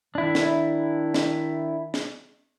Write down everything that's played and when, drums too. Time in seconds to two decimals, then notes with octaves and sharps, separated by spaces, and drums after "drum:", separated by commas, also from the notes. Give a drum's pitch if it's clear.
0.15 D#3 D4 E4
0.35 drum: snare
1.14 drum: snare
1.94 drum: snare